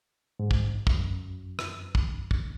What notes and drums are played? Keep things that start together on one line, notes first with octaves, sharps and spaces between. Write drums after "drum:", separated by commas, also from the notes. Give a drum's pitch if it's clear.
G#2
drum: kick
F#2, drum: kick
drum: rim click
drum: kick
drum: kick